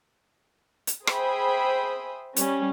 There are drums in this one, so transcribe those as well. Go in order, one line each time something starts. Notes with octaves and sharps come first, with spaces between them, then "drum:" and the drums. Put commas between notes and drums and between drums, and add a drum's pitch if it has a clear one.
drum: hi-hat
G#4 C5 E5 G5 B5 D#6, drum: rim click
G3 C#4, drum: hi-hat